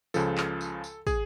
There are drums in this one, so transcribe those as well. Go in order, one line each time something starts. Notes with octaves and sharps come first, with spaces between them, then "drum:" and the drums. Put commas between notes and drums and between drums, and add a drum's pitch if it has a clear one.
C#2 C#3 F3 A4, drum: tambourine
drum: clap
drum: tambourine
drum: tambourine
G#4, drum: kick, tambourine